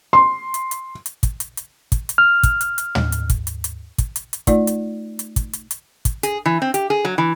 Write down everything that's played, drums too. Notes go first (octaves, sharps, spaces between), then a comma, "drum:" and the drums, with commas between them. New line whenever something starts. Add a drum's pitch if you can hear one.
C6
drum: hi-hat
drum: hi-hat
drum: hi-hat
drum: kick, hi-hat
drum: hi-hat
drum: hi-hat
drum: kick, hi-hat
drum: hi-hat
F6
drum: kick, hi-hat
drum: hi-hat
drum: hi-hat
drum: tom
drum: hi-hat
drum: kick, hi-hat
drum: hi-hat
drum: hi-hat
drum: kick, hi-hat
drum: hi-hat
drum: hi-hat
A3 D#4 F4 D5, drum: kick, hi-hat
drum: hi-hat
drum: hi-hat
drum: kick, hi-hat
drum: hi-hat
drum: hi-hat
drum: kick, hi-hat
G#4, drum: hi-hat
E3
C4
G4, drum: hi-hat
G#4
F#3
E3